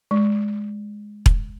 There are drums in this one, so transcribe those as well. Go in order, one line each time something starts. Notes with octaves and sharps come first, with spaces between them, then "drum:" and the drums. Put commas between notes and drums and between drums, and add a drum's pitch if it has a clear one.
G#3
drum: kick E1